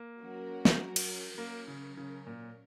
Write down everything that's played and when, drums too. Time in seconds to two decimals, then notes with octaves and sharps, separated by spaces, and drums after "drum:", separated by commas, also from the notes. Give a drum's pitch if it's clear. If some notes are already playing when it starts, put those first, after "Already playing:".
Already playing: A#3
0.19 F#3 C#4 F#4 A#4
0.65 drum: snare
0.96 drum: cymbal
1.38 F#3 A#3 C#4 A#4
1.67 C#3
1.97 C#3
2.27 A#2